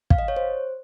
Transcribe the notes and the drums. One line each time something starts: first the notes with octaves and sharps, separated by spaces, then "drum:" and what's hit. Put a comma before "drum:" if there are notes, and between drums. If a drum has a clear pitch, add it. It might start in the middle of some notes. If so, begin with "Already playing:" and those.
F5, drum: kick
D#5
C#5
C5